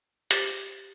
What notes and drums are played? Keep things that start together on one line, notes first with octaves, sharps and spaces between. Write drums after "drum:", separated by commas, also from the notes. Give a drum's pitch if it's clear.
G4 C5 A6, drum: hi-hat